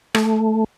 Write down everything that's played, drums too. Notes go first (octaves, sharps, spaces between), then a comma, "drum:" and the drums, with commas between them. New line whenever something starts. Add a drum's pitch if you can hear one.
A3, drum: rim click